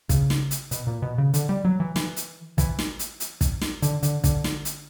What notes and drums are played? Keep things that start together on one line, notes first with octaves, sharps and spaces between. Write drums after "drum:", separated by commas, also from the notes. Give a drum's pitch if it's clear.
C#3, drum: kick, hi-hat
drum: snare
drum: hi-hat
B2, drum: hi-hat
A#2
B2
C#3
D3, drum: hi-hat
G3
F#3
E3
E3, drum: snare
drum: hi-hat
E3, drum: kick, hi-hat
drum: snare
drum: hi-hat
drum: hi-hat
drum: kick, hi-hat
drum: snare
D3, drum: hi-hat
D3, drum: hi-hat
D3, drum: kick, hi-hat
drum: snare
drum: hi-hat